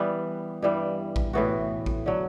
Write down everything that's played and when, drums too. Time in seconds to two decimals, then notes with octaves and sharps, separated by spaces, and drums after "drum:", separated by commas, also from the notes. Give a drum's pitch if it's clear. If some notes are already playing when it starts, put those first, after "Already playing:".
Already playing: E3 G3 B3
0.62 G2 E3 G3
1.16 drum: kick A1
1.33 A2 E3 B3 F#4
1.86 drum: kick A1
2.06 D3 F#3